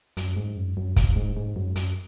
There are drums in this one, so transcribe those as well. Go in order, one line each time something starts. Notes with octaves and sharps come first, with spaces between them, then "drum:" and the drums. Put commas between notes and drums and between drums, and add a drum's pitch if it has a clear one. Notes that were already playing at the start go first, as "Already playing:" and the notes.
F#2, drum: hi-hat
G#2
F#2
F#2
F#2, drum: kick, hi-hat
G#2
G#2
F#2
F#2, drum: hi-hat